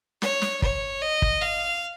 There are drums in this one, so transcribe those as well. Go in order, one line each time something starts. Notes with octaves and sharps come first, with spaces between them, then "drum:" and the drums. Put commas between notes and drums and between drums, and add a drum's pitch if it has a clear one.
C#5, drum: snare
drum: snare
C#5, drum: kick
D#5
drum: kick
F5